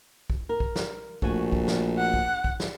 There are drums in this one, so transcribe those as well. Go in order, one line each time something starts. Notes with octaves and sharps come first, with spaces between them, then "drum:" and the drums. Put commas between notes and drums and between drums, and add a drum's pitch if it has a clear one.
drum: kick
A#4
drum: kick
drum: snare
A#1 A3 F#4 G#5, drum: kick
drum: kick
drum: snare
F#5
drum: kick
drum: kick
drum: snare